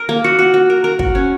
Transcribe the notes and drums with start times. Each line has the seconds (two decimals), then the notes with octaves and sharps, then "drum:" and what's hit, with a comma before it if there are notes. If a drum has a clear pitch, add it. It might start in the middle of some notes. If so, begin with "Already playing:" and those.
Already playing: A#4
0.09 A#3
0.24 F#4
0.39 F#4
0.54 F#4
0.70 A#4
0.84 A#4
0.99 F#4, drum: kick
1.15 C#4